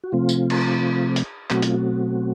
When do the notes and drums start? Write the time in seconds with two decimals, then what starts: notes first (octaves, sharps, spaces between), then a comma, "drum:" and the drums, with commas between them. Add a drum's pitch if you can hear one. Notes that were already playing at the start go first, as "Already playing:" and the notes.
0.04 F#4
0.12 C3 F3 A3 C4 F4
0.29 drum: tambourine
0.50 drum: cymbal
1.16 drum: hi-hat
1.50 B2 F#3 A3 C4 F#4, drum: clap
1.62 F4, drum: hi-hat
1.74 F#4